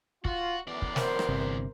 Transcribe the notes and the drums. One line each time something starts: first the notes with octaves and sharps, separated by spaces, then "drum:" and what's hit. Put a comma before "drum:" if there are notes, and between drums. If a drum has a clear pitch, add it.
F4 F#4, drum: kick
F#2 A2 E3 B3 D5
drum: kick
A#4 C5, drum: snare
drum: rim click
G1 C3